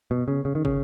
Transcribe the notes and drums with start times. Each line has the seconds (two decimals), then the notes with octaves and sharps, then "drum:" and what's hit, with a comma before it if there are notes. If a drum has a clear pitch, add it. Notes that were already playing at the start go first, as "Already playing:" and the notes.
0.11 B2
0.28 C#3
0.45 C#3
0.55 D#3
0.65 C#3, drum: kick